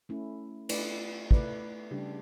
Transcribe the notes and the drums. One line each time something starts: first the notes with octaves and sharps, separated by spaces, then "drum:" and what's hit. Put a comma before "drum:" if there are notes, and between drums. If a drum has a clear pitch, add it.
A3 C#4 E4
A3 E4 B4 D5, drum: cymbal
A3 E4 B4 D5, drum: kick
C#3 G3 D4 G4